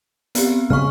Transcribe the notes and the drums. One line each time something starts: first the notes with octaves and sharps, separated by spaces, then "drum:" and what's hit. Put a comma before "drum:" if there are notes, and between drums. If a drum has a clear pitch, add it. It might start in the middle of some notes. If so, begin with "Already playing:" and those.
B3 C4 G4, drum: hi-hat
C#3 G#3 C#6 F6